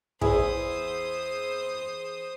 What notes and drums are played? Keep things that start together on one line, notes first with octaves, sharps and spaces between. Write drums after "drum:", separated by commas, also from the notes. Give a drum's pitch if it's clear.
E2 E4 G#4 C5 D#6, drum: kick